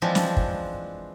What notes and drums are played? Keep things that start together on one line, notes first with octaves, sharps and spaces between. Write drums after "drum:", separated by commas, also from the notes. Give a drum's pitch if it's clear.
E3 F3 G#3 C4 D4 F4
drum: snare
drum: kick